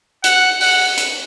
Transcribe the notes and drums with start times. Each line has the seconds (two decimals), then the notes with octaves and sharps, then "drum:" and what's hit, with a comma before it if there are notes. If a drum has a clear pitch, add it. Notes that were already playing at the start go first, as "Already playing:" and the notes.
0.24 F#5, drum: hi-hat
0.61 F#5, drum: open hi-hat
0.98 drum: hi-hat